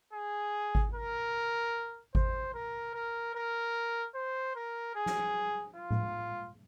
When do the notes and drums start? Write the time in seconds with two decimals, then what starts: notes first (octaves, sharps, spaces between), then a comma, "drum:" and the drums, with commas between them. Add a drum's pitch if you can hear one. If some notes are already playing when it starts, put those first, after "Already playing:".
0.13 G#4
0.75 drum: kick G#1
0.94 A#4
2.15 C5, drum: kick G#1
2.54 A#4
2.95 A#4
3.35 A#4
4.15 C5
4.56 A#4
4.95 G#4
5.06 drum: snare
5.76 F4
5.90 drum: tom A2